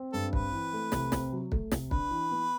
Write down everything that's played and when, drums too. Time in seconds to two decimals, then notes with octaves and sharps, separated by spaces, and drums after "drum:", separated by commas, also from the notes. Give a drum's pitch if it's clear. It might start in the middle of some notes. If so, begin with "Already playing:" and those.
Already playing: C4
0.13 G2 A4
0.33 C4 B4, drum: kick
0.53 E3
0.73 A3
0.92 C3, drum: snare
1.12 C4, drum: snare
1.32 F#3
1.52 A3, drum: kick
1.72 C3, drum: snare
1.91 D4 B4, drum: kick
2.11 E3
2.31 B3